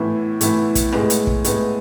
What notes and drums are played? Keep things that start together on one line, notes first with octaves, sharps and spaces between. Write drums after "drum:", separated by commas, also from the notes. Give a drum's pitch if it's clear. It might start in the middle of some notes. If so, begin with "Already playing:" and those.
Already playing: A2 E3 B3 E4
A2 E3 B3 E4, drum: hi-hat
drum: kick, hi-hat
A2 G#3 B3, drum: rim click
drum: hi-hat
drum: kick
A2 G#3 B3, drum: hi-hat